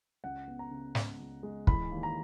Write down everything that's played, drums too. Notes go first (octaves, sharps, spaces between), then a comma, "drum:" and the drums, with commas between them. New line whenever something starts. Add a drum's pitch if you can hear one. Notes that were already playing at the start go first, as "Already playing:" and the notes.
C#2 F#5
B3
A#5
C#3
G#3, drum: snare
C#2
G#3
E3 B5, drum: kick
D#2
A#5